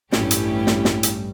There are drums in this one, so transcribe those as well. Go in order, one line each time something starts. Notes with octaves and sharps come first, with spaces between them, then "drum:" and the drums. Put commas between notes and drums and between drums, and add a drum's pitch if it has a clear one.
A1 G2 G3 A3 C#4 E4 G4, drum: snare
drum: hi-hat
drum: snare
drum: snare
drum: hi-hat